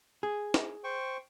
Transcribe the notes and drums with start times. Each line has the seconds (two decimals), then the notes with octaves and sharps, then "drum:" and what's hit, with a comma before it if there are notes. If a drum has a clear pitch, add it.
0.23 G#4
0.54 drum: snare
0.84 C5 G5 C#6